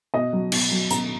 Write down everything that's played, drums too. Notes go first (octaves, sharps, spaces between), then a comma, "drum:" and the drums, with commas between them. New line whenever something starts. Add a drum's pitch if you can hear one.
B2 D#5
F#3
B2, drum: cymbal
F#3
B2 A#5, drum: hi-hat